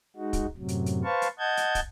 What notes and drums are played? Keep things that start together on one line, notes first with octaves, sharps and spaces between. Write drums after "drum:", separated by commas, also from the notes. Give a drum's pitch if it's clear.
G#3 D#4 F#4
drum: kick, hi-hat
F#2 A2 C3 F#3
drum: hi-hat
drum: hi-hat
B4 C5 F5 A5 C#6
drum: hi-hat
D#5 F#5 A5 G6 G#6
drum: hi-hat
drum: kick, hi-hat